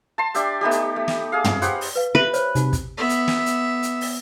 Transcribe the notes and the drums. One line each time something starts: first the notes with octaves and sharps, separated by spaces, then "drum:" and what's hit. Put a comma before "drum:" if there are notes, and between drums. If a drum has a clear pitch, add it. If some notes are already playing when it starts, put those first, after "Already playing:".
A5 C6
D4 G4 E5 G5, drum: hi-hat
A3 B3 D#4 G4
drum: hi-hat
A3
drum: snare
G#4 F5
drum: tom
G4 B4 C5 F#5, drum: hi-hat
drum: open hi-hat
B4 F5
G4 B4 E5
C5 C#5, drum: hi-hat
C3 D#4 F#4, drum: hi-hat
drum: kick, hi-hat
B3 E5
drum: hi-hat
drum: snare
drum: hi-hat
drum: hi-hat
drum: open hi-hat